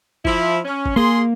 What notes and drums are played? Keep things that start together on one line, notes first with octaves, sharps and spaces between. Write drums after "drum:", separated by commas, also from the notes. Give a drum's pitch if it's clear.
F3 E4, drum: kick
C#4
drum: kick
A#3 G#4 C6